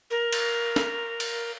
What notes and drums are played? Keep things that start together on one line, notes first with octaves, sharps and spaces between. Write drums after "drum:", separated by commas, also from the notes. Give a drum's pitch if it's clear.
A#4
drum: cymbal
drum: snare
drum: cymbal